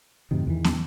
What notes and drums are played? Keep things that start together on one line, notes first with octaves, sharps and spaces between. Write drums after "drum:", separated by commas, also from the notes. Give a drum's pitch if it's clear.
F#2 A2 C3 D#3
E2 D#3 E3
drum: snare